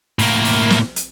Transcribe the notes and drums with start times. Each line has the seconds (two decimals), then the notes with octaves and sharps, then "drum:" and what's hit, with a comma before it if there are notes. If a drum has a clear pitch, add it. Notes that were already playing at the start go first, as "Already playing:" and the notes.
0.19 A2 A#3, drum: open hi-hat
0.45 drum: open hi-hat
0.70 drum: snare
0.96 drum: hi-hat